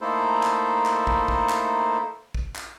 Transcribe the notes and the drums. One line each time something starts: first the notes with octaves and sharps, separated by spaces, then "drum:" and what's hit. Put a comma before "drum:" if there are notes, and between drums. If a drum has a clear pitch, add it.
A3 A#3 D#4 E4 A4 C5
drum: clap
drum: clap
drum: kick
drum: kick
drum: clap
drum: kick
drum: clap